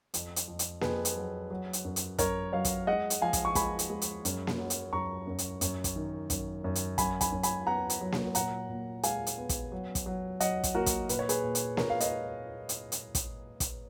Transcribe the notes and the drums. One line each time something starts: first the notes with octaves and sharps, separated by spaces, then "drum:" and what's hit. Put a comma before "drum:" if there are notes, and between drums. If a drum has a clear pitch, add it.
F2, drum: hi-hat
drum: hi-hat
F2
drum: hi-hat
F2 G#4 B4, drum: snare A#3
drum: hi-hat
F#3
F#3
drum: hi-hat
F#2
drum: hi-hat
F#2 A#4 C#5, drum: kick, hi-hat
F#3 C#5 F5
drum: kick, hi-hat
G#3 D#5 F#5
drum: hi-hat
F3 F5 G#5
drum: kick, hi-hat
C#6
G#3 G#5 B5, drum: kick, hi-hat
drum: hi-hat
G#3
drum: hi-hat
F#2, drum: hi-hat
drum: snare A#3
F#3
drum: hi-hat
F#2 A#5 C#6
F#2
drum: hi-hat
F#2, drum: hi-hat
drum: kick, hi-hat
D#3
F#2, drum: kick, hi-hat
F#2
drum: hi-hat
F#3 G#5 B5, drum: kick, hi-hat
G#5 B5, drum: kick, hi-hat
F#2
G#5 B5, drum: hi-hat
B3 F#5 A#5
drum: hi-hat
F#3
drum: snare A#3
A#2 F#5 A#5, drum: hi-hat
A#2
G#3 F5 G#5, drum: hi-hat
drum: hi-hat
B3
drum: kick, hi-hat
F#3
drum: kick, hi-hat
F#3
F#3 D#5 F#5, drum: hi-hat
drum: kick, hi-hat
A#3 F#4 A#4
drum: kick, hi-hat
A#2 B4, drum: hi-hat
C#5
G#4 B4, drum: hi-hat
A#2
drum: hi-hat
A#2 A#4 C#5, drum: snare A#3
F5
B4 D#5, drum: hi-hat
drum: hi-hat
drum: hi-hat
drum: kick, hi-hat
drum: kick, hi-hat